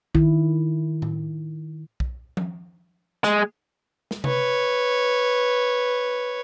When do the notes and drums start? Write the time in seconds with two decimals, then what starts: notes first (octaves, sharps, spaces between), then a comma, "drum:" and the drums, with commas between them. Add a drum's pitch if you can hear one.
0.15 D#3 E4, drum: kick B1
1.02 drum: tom A2
2.00 drum: kick B1
2.37 drum: tom F3
3.24 G#3, drum: hi-hat
4.11 drum: snare
4.24 B4 C#5, drum: tom C3